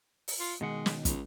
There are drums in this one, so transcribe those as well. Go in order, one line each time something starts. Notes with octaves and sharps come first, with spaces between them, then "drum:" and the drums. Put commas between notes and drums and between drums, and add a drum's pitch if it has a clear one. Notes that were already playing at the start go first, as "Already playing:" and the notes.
drum: open hi-hat
F4
B2 D#3 G#3 F#5
drum: snare
C#2, drum: kick, hi-hat